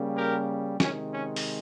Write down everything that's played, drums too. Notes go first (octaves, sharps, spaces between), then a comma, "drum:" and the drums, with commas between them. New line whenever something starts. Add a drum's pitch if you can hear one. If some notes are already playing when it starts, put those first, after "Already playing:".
Already playing: C#3 G3 A#3
G4 A#4
C3 D#3 G#3 C#4, drum: snare
C#4
drum: open hi-hat